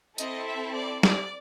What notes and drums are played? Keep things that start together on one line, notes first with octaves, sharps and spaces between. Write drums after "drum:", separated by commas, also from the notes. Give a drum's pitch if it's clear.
C4 E4 A4 D#5, drum: tambourine
E5
D5
D5, drum: snare